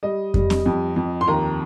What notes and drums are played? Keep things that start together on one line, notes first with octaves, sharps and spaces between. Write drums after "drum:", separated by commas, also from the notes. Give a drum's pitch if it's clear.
G3 D#5
G3, drum: kick F2
drum: snare C4
F2
F2
C6
D#2 A#5